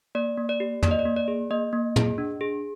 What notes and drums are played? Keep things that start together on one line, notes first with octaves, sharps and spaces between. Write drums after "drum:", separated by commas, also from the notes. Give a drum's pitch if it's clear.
A#3 D5
A#3
D5
G4
A#3 D5, drum: tom
D#5
D5
A#3
D5
G#4
A#3 D#5
A#3
G#4, drum: tom
D4
G#4